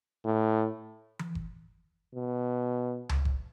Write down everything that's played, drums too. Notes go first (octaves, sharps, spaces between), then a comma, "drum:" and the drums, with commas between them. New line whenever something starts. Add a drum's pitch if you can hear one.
A2
drum: tom E3
drum: kick F#1
B2
drum: tom C#2
drum: kick F#1